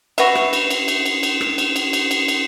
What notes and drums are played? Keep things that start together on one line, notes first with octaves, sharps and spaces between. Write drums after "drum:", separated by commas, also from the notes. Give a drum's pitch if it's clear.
F#4 B4 E5, drum: cymbal
drum: rim click
drum: cymbal
drum: cymbal
drum: cymbal
drum: cymbal
drum: cymbal
drum: rim click
drum: cymbal
drum: cymbal
drum: cymbal
drum: cymbal
drum: cymbal